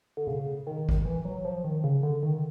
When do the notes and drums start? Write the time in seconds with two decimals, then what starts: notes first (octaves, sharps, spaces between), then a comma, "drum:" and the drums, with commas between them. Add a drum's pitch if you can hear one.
0.17 D3
0.27 C#3, drum: tom B2
0.67 D#3
0.89 drum: kick G#1
1.05 E3
1.25 F#3
1.45 F3
1.64 D#3
1.84 C#3
2.03 D3
2.23 D#3